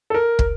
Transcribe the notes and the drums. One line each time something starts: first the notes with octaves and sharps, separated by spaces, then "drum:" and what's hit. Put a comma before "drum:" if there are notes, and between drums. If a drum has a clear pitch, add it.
A4
A#4
drum: kick